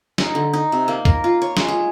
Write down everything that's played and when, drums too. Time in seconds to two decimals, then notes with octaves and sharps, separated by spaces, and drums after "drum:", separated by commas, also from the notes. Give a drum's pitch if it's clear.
0.18 D#4, drum: snare
0.35 D3
0.53 D#4
0.72 C3
0.88 A#3
1.05 A#4, drum: kick C2
1.24 F4
1.42 C#5
1.57 G#3, drum: snare
1.68 G#4